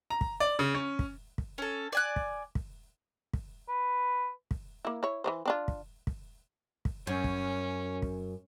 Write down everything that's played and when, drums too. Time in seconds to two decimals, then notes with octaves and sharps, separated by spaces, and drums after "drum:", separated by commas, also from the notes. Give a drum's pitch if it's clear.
0.10 A#5
0.21 drum: kick
0.40 D5
0.59 C#3
0.75 C#4
0.99 drum: kick
1.38 drum: kick
1.58 C#4 A4
1.92 D5 G#5 F#6
2.16 drum: kick
2.55 drum: kick
3.33 drum: kick
3.68 B4
4.51 drum: kick
4.85 A#3 E4
5.03 E4 C#5
5.24 E3 A3 C5
5.45 C4 D4 F4
5.68 drum: kick
6.07 drum: kick
6.85 drum: kick
7.07 F#2 C#4
7.24 drum: kick
8.02 drum: kick